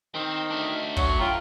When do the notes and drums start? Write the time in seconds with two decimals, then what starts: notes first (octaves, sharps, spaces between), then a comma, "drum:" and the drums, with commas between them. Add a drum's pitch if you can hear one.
0.15 D#3 C4
0.51 A3 D4
0.97 F#3 C#6, drum: kick
1.20 F4 G5 A#5